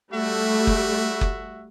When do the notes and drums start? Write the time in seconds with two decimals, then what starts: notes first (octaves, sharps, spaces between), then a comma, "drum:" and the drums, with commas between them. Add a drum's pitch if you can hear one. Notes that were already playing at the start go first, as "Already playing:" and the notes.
0.13 G3 A3 F#4 E5
0.67 drum: kick F#1
1.21 drum: kick F#1